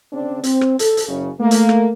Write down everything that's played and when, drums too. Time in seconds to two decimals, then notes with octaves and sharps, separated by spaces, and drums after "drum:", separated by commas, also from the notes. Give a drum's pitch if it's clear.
0.13 C#3 C4 D4
0.44 C4, drum: hi-hat
0.61 drum: rim click
0.79 A4, drum: hi-hat
0.97 drum: hi-hat
1.08 F#1 C#3
1.40 A3 A#3
1.51 drum: hi-hat
1.69 drum: rim click